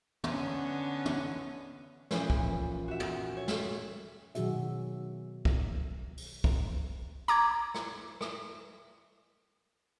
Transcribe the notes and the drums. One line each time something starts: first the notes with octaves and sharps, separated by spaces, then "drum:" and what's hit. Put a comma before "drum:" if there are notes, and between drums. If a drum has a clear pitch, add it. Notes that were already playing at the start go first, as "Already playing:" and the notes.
D3 B3 C#4, drum: tom
drum: tom
A#2 E3 F3 C#4, drum: snare
drum: kick
F#4 E5
drum: tom
C#5
drum: snare
B2 D#3 F#3 F#4 G#4 E5, drum: hi-hat
drum: kick
drum: open hi-hat
drum: kick
A#5 D6 G#6, drum: hi-hat
drum: rim click
drum: rim click